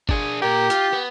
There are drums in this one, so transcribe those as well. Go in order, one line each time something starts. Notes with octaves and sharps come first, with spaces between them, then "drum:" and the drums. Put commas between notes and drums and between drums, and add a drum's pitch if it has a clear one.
D4 G#4, drum: kick
A#2 G4 A#4
F4, drum: hi-hat
B3